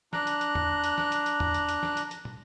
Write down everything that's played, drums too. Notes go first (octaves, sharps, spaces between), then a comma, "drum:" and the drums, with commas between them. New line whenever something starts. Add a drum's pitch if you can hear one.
D4 A#5 F#6, drum: snare
drum: hi-hat
drum: hi-hat
drum: tom
drum: hi-hat
drum: snare
drum: hi-hat
drum: hi-hat
drum: tom
drum: hi-hat
drum: hi-hat
drum: snare
drum: hi-hat
drum: hi-hat
drum: tom